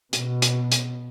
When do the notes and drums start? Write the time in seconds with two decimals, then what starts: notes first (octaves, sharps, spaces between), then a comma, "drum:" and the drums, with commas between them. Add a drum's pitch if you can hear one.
0.13 B2, drum: hi-hat
0.42 drum: hi-hat
0.72 drum: hi-hat